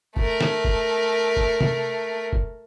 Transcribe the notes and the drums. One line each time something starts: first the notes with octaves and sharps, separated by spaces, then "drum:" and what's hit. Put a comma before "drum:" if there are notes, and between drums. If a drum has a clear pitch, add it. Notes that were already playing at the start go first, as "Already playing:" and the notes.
A3 A#4, drum: kick F1
drum: snare
drum: kick F1
drum: kick F1
drum: tom
drum: kick F1